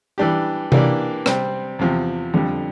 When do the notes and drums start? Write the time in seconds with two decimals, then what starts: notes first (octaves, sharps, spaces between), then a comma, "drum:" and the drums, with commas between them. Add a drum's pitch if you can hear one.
0.18 E3 G3 D4 G4
0.72 E3 A#3 D4 G4 D5, drum: tom C3
1.26 C3 G3 C4, drum: rim click
1.79 E2 C3 F3
2.34 F2 D3 G3